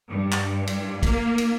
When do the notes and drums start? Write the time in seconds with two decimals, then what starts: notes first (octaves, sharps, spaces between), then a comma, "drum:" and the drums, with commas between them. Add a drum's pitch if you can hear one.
0.10 G2
0.32 drum: clap
0.67 drum: cymbal
1.03 A#3, drum: kick, cymbal
1.38 drum: cymbal